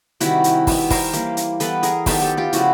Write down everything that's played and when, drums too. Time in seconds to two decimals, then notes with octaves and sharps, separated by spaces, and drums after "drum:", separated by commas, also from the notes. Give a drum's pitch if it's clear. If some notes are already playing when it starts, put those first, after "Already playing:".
0.20 C3 D#3 G3 E4 F#4, drum: hi-hat
0.44 drum: hi-hat
0.67 B2 G3 B3, drum: kick, open hi-hat
0.90 A#4 C5, drum: kick, open hi-hat
1.13 E3 G3 A#3, drum: hi-hat
1.37 drum: hi-hat
1.60 E3 G3 B3 A4 B4, drum: hi-hat
1.83 G#4 A#4, drum: hi-hat
2.06 D#3 F#3 B3 G4 A4, drum: kick, open hi-hat
2.22 G4 A4
2.37 F4 G4
2.53 C#3 F3 A3 E4 F#4, drum: hi-hat